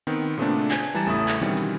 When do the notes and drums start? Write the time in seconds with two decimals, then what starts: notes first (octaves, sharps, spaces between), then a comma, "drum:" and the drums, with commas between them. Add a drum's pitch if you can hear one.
0.07 D#3 B3 C4
0.37 A#2 C#3 A3 B3 C4 D4
0.71 G#5, drum: clap
0.94 E3 G3 A5 A#5 A6 E7
1.06 A1 E2 C#3 A3 E4 D#6
1.28 drum: clap
1.41 B2 D#3 E3 G3 C4 C#4
1.57 drum: hi-hat